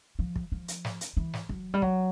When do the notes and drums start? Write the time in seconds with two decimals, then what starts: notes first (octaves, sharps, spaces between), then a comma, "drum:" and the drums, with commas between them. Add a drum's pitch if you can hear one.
0.19 F3
0.36 drum: kick
0.52 F3
0.68 drum: hi-hat
0.85 drum: snare
1.01 drum: hi-hat
1.17 E3
1.33 drum: snare
1.49 F#3, drum: kick
1.74 G3
1.82 F#3, drum: kick